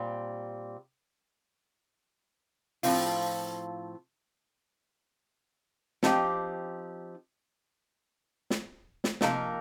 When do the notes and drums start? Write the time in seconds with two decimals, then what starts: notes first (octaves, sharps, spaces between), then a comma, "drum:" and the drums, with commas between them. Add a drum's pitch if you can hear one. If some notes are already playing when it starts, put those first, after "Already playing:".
Already playing: A#2 G3 C4
2.83 A2 F3 C4 F4, drum: open hi-hat
6.03 F3 C4 D#4 G4, drum: snare
8.50 drum: snare
9.04 drum: snare
9.21 C3 F3 A#3 D#4 A#4, drum: snare